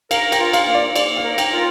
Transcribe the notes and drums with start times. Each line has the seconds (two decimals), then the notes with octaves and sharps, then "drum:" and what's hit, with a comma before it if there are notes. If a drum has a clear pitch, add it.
0.11 A#4 F5, drum: cymbal
0.32 G5, drum: cymbal
0.39 F4
0.53 F5, drum: cymbal
0.68 A#3
0.75 D5
0.96 A#3 D5, drum: cymbal
1.17 F5
1.24 A#4
1.38 G5, drum: cymbal
1.53 F4